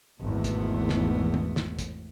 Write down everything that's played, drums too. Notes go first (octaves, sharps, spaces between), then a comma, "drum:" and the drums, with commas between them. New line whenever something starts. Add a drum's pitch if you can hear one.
G#1 E2 B2 A3 B3
drum: kick, hi-hat
drum: snare
drum: tom
drum: snare
drum: kick, hi-hat